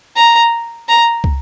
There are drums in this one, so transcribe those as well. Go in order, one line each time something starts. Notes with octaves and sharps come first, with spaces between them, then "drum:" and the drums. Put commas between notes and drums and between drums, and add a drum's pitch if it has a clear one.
A#5
A#5
drum: kick